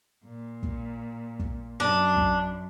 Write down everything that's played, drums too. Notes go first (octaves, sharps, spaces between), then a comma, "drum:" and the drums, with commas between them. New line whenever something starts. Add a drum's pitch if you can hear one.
A#2
drum: kick
drum: kick
F#2 D4
drum: kick